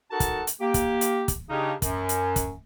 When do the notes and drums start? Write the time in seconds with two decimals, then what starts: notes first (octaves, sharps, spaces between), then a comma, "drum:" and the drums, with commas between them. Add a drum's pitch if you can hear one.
0.11 D#4 F#4 A4 A#4 F#5 A5
0.20 drum: kick, hi-hat
0.47 drum: hi-hat
0.61 A#3 G4
0.74 drum: kick, hi-hat
1.01 drum: hi-hat
1.28 drum: kick, hi-hat
1.50 C#3 D4 D#4 G4
1.82 F#2, drum: kick, hi-hat
2.09 drum: hi-hat
2.36 drum: kick, hi-hat